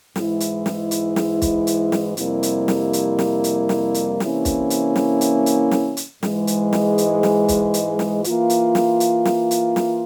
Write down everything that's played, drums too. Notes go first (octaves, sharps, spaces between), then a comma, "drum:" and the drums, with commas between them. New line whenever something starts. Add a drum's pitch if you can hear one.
G#2 E3 G#3 E4, drum: snare
drum: hi-hat
drum: snare
drum: hi-hat
drum: snare
drum: kick, hi-hat
drum: hi-hat
drum: snare
F2 C3 G3 A#3 E4, drum: hi-hat
drum: hi-hat
drum: snare
drum: hi-hat
drum: snare
drum: hi-hat
drum: snare
drum: hi-hat
C3 E3 A#3 C#4 E4, drum: snare
drum: kick, hi-hat
drum: hi-hat
drum: snare
drum: hi-hat
drum: hi-hat
drum: snare
drum: hi-hat
G#2 E3 G#3, drum: snare
drum: hi-hat
drum: snare
drum: hi-hat
drum: snare
drum: kick, hi-hat
drum: hi-hat
drum: snare
E3 A#3 F4, drum: hi-hat
drum: hi-hat
drum: snare
drum: hi-hat
drum: snare
drum: hi-hat
drum: snare